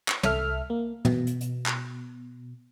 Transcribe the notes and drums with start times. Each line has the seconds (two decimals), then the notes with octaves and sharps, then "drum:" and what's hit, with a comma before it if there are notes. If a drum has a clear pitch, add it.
0.08 drum: clap
0.23 C2 A4 E5 F6, drum: tom
0.70 A#3
1.05 B2, drum: tom
1.27 drum: hi-hat
1.41 drum: hi-hat
1.66 drum: clap